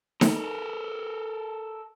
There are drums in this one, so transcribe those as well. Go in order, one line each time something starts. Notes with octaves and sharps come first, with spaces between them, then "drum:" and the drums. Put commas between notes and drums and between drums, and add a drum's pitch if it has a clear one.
A4 A#4, drum: snare D#4